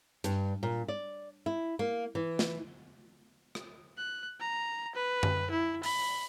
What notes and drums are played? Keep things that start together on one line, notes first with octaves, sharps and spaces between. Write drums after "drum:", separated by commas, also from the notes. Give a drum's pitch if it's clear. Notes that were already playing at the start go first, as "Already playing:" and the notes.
G2, drum: hi-hat
A#2
D5
E4
A#3
E3
drum: snare
drum: rim click
F#6
A#5
B4
drum: tom F#2
E4
B5, drum: open hi-hat